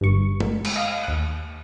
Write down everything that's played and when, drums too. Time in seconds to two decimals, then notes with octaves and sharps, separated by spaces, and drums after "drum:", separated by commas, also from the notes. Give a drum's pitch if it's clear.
0.01 G1 G2 C#6
0.40 drum: tom G#3
0.65 drum: cymbal
0.76 D#5 F5
1.04 D#2 F#6